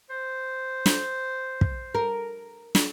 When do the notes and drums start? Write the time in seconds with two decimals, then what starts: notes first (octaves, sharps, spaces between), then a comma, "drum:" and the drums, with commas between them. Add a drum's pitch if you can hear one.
0.10 C5
0.86 drum: snare
1.61 drum: kick
1.95 A#4
2.75 drum: snare